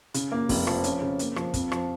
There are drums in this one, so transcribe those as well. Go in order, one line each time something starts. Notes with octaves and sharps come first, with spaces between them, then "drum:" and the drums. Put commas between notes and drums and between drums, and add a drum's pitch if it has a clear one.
C#3, drum: hi-hat
A#3
F1, drum: kick, open hi-hat
F3, drum: rim click
C#4, drum: hi-hat
C#3
A#3, drum: hi-hat
F3, drum: rim click
F2, drum: kick, hi-hat
F3, drum: rim click